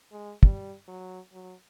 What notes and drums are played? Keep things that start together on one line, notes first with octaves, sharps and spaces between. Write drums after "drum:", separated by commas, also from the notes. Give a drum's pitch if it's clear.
G#3
G3, drum: kick
F#3
F#3